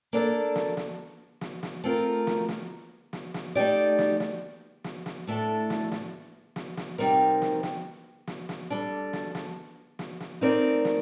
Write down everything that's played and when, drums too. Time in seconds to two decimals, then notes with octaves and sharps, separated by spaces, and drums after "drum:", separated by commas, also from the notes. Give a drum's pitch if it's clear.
0.13 A#3 D4 A4 D5
0.55 drum: snare
0.77 drum: snare
1.41 drum: snare
1.63 drum: snare
1.84 A3 C4 F4 A#4
2.27 drum: snare
2.48 drum: snare
3.13 drum: snare
3.34 drum: snare
3.55 A3 D#4 G4 D5
3.99 drum: snare
4.20 drum: snare
4.84 drum: snare
5.06 drum: snare
5.28 A2 A3 D4 A4
5.70 drum: snare
5.92 drum: snare
6.56 drum: snare
6.77 drum: snare
6.98 C3 G3 C4 D#4 A#4
7.42 drum: snare
7.63 drum: snare
8.27 drum: snare
8.49 drum: snare
8.70 G3 D4 A4
9.13 drum: snare
9.35 drum: snare
9.99 drum: snare
10.20 drum: snare
10.41 A3 C4 D#4 A#4 D5
10.85 drum: snare